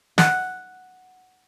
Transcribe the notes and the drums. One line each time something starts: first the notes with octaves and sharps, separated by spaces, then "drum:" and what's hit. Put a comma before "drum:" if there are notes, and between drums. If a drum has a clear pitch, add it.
F#5, drum: snare